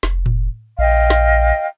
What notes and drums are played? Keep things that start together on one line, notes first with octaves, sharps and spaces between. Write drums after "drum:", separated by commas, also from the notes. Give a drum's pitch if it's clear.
F1, drum: snare
drum: tom A2
A#1 D#5 F5 G5
drum: snare